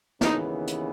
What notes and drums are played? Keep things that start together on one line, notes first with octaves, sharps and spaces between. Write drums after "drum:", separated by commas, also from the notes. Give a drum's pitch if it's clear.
D#2 C#3 E3 B3 D#4, drum: snare
drum: hi-hat